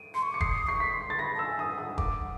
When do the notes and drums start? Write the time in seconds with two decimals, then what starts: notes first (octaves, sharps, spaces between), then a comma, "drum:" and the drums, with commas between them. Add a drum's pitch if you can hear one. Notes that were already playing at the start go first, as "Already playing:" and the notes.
Already playing: D7 D#7
0.14 C6 C#7
0.23 C#6
0.32 D6 C#7
0.40 D#6 C7, drum: kick
0.67 C#6 C7
0.80 B6
0.93 C6
1.10 A6
1.19 B5 A#6
1.34 A5
1.39 E6
1.45 G#5
1.59 D#6
1.72 F#5
1.78 D#6
1.98 D6, drum: kick